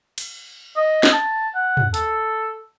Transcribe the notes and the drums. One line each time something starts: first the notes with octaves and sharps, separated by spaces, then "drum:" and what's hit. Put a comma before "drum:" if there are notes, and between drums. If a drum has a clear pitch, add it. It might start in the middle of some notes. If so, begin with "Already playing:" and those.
drum: cymbal
D#5
drum: snare
A5
F#5
drum: tom
A4, drum: hi-hat